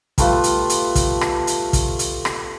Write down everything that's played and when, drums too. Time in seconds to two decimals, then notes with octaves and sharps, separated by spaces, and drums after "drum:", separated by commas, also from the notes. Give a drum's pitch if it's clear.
0.18 G3 A3 F4 B4, drum: kick, hi-hat
0.44 drum: hi-hat
0.69 drum: hi-hat
0.95 drum: kick, hi-hat
1.21 drum: rim click
1.47 drum: hi-hat
1.73 drum: kick, hi-hat
1.99 drum: hi-hat
2.25 drum: rim click